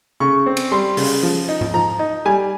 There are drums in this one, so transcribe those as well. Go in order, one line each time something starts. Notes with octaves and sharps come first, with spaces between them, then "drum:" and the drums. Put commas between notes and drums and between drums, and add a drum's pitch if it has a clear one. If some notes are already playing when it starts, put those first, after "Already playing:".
C#3 C#6
C4
drum: cymbal
G3 C6
C#3, drum: open hi-hat
F3
D#4
drum: tom G#2
F3 A#5
D#4
G3 G#5